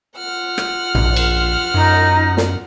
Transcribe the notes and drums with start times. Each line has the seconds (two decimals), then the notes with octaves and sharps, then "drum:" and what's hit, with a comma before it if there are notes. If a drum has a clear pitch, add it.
0.18 F4 F#5 F6
0.58 drum: rim click
0.95 A#1, drum: tom
1.16 drum: cymbal
1.74 F#2 D#4
2.37 drum: snare